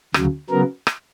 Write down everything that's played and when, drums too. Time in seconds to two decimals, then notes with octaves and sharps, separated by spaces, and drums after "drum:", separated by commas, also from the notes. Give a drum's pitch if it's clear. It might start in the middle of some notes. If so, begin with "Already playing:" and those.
0.14 D2 C#3 F#3, drum: rim click
0.50 C#3 F#3 B3 A#4
0.87 drum: rim click